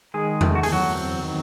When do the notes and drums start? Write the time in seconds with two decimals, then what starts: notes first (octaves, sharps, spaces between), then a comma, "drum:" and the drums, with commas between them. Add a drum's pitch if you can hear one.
0.14 D#3 G#3 G#4
0.41 A3, drum: tom E2
0.55 F#4
0.63 G#4, drum: open hi-hat
0.69 E2 F#3 F#4
0.95 C4
1.23 D#3